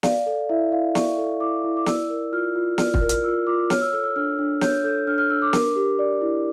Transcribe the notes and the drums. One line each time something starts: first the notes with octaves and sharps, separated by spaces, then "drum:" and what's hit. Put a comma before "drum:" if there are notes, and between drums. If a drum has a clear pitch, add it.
D5 F5, drum: snare
A4
E4 E5
E4 F5
D5 C#6, drum: snare
A4
E4 D6
E4
D6
D5 E6, drum: snare
A#4
F4 F6
F4
D5 F6, drum: snare
F6, drum: kick
A#4
F6, drum: hi-hat
F4 E6
F4 D6
C#5 F6, drum: snare
E6
A4 E6
E6
D4 F6
D4
C#5 G6, drum: snare
A4 G6
D4 F6
F6
D4 E6
D6
A#4, drum: snare
G4
D5
E4